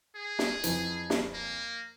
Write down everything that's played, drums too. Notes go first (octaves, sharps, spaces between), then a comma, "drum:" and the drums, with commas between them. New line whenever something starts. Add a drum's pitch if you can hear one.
G#4
drum: snare
F2 E3, drum: hi-hat
drum: snare
A#3